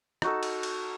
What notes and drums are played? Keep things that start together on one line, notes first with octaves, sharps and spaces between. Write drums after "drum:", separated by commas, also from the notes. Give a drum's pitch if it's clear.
D#4 F#4 A4, drum: rim click
drum: cymbal
drum: cymbal